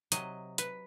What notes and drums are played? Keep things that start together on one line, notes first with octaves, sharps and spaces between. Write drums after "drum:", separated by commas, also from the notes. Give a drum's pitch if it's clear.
C3 F#3 D#5, drum: hi-hat
B4, drum: hi-hat